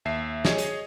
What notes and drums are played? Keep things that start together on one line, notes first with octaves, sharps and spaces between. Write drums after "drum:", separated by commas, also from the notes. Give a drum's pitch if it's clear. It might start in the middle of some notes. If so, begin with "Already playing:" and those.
D#2 E5 C7
G#4 C#5 D#5, drum: snare
drum: hi-hat